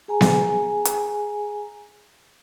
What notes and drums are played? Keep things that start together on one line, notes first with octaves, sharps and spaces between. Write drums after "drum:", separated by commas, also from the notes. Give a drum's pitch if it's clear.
G#4 G#5 A#5
drum: snare B3
drum: hi-hat